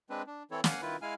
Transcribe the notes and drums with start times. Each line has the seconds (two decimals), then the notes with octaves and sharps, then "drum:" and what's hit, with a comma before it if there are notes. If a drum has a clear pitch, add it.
0.10 G#3 C4 D4 B4
0.27 D4
0.51 E3 C4 E4 A4 C#5
0.64 A#3 F5 F#5 G#5, drum: snare
0.82 D#3 E4 F4 B4
1.02 G#3 E4 F5 G#5 F6